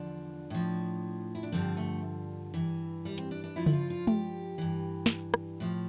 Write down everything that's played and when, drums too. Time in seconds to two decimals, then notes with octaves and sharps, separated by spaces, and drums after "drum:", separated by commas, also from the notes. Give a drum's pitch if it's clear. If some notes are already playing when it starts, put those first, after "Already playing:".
Already playing: E2 D3 F3 D4
0.50 A2 F3
1.35 E4
1.43 D4
1.52 G2 D3 F3 C4
1.77 A3
2.54 G2 E3
3.05 G3
3.18 C4, drum: hi-hat
3.31 D4
3.44 D4
3.56 G2 F3 E4
3.66 E4, drum: tom C#3
3.73 F4
3.90 F4
4.07 G4, drum: tom G#3
4.58 G2 E3
5.06 drum: snare
5.34 drum: rim click
5.60 A2 F3